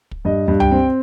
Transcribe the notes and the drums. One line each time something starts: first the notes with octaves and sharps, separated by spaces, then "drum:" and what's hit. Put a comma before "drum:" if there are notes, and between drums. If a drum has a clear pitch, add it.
drum: kick
G2 D#5
G2
G5, drum: tom C#2
C4